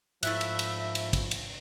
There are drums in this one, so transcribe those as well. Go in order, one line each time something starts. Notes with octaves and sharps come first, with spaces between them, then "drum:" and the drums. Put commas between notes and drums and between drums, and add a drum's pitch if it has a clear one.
G#2 F3 A3 E4 E5 F#6, drum: cymbal
drum: cymbal
drum: cymbal
drum: cymbal
drum: kick, cymbal
drum: cymbal